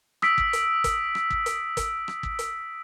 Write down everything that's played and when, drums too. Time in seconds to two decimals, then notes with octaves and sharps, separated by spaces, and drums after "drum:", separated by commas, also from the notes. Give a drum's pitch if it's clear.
0.22 D#6 E6 B6 D7, drum: rim click
0.38 drum: kick
0.53 drum: hi-hat
0.84 drum: kick, hi-hat
1.15 drum: rim click
1.30 drum: kick
1.46 drum: hi-hat
1.77 drum: kick, hi-hat
2.08 drum: rim click
2.23 drum: kick
2.39 drum: hi-hat